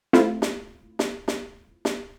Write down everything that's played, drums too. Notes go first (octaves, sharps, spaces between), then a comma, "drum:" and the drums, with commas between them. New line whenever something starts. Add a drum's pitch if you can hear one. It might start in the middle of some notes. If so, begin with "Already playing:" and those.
A3 C4 E4 F4, drum: snare
drum: snare
drum: snare
drum: snare
drum: snare